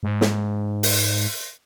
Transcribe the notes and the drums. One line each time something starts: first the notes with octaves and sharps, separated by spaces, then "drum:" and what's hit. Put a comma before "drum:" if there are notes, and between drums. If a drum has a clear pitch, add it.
G#2
drum: snare
drum: open hi-hat